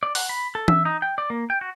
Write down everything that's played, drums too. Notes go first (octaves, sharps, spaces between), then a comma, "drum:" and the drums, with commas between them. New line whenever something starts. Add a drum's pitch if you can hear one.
D5
F#5, drum: open hi-hat
B5
A4
E5, drum: tom E3
D#4
G5
D5
A#3
G5
F#4